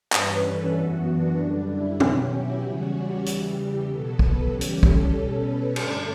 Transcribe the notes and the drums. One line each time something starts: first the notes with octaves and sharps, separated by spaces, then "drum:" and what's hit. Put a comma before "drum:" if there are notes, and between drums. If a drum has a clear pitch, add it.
G2 E3 G3 C#4 B4, drum: clap
A4
F#2 E3 B3 F#4
D4
F#2 D3 G3
E4
B2 F#3 C#4 G4, drum: tom
E4
E2 C#3 G3 C#4 F#4
G4
E2 C#3 E3 G3, drum: hi-hat
B2 F#3 B3 A4
B4, drum: kick
C#3 E3 G3 C#4 G4
drum: hi-hat
A4, drum: kick
B2 G3 C#4 A4
B4
G2 D3 A3 C#4 D5, drum: cymbal